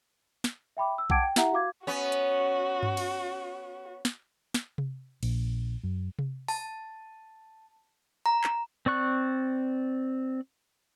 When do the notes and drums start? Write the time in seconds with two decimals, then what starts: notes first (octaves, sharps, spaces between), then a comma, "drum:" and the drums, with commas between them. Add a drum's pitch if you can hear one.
0.44 drum: snare
0.77 E5 G5 B5 D6
0.98 E6
1.10 F#5 G5 A5 D6 G#6 D7, drum: kick B1
1.23 G5
1.36 E4 G4 E5 F#5 A#5, drum: snare
1.53 F#4 F5 D6 G#6
1.87 B3 C#4 F#4
2.12 drum: hi-hat
2.83 drum: tom G2
2.97 drum: cymbal
4.05 drum: snare
4.54 drum: snare
4.78 drum: tom C3
5.23 A#1, drum: cymbal
5.83 F#2
6.19 drum: tom C3
6.48 A5, drum: open hi-hat
8.26 A#5
8.44 drum: clap
8.86 C4 D5 C#6 F#6